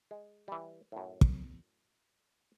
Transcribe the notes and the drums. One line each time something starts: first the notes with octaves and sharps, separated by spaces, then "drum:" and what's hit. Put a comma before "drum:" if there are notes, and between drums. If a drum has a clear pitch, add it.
G#3
E3 G3
F#2 A2
drum: kick